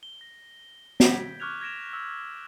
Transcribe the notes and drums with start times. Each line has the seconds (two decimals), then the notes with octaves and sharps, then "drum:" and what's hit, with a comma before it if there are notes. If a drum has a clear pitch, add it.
0.03 G7
0.21 A#6
1.00 G6 G#6 B6 D7, drum: snare
1.40 C#6 D6 F6 F#6 G#6 F7
1.61 G#6 A#6 D7 E7 F7
1.93 E6 F#6